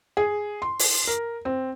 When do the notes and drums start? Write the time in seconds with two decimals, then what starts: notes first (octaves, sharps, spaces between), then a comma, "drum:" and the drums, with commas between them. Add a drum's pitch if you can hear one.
0.17 G#4
0.62 C6
0.79 drum: open hi-hat
1.07 A#4
1.45 C4